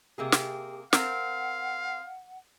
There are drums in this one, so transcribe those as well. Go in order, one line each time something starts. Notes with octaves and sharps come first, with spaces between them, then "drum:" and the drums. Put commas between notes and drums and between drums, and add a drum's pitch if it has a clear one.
C3 A#3 G4 G#4
drum: snare
C4 A#4 F5 F#5, drum: snare